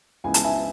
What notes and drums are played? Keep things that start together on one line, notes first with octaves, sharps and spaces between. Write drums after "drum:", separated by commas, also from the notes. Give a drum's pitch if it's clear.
C#2 C#3 E3 B3 G#5
A5, drum: hi-hat
E5 G#5